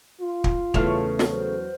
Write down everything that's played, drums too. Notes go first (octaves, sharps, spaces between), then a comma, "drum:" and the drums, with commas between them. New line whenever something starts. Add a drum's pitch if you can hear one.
F4
drum: kick
E2 C#3 A3 F6 F7, drum: kick
drum: snare
F#3 C5